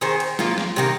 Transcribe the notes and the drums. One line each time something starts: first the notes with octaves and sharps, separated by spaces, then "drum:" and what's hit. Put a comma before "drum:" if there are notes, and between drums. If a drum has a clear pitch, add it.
D#3 C4 G#4 C5
drum: cymbal
D#3 A#3 F4, drum: snare
drum: snare
C3 D#3 A#3